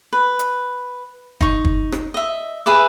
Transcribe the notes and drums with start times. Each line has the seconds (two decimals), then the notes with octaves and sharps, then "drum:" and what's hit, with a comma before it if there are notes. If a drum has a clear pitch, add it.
0.13 B4
0.39 drum: hi-hat
1.41 D#4 C#6, drum: kick
1.65 drum: kick
1.92 drum: rim click
2.14 D#5 E5
2.66 G#4 B4 E5 D6